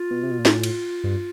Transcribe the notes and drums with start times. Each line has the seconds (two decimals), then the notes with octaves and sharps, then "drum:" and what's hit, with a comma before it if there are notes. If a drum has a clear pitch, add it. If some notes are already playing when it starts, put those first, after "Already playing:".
Already playing: F4
0.11 B2
0.23 C3
0.31 B2
0.39 A#2
0.45 A2, drum: snare
0.64 drum: cymbal
1.04 G2